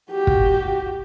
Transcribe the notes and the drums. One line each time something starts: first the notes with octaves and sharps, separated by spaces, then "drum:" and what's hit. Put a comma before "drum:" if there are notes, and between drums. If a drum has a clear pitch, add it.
F#4 G4
drum: kick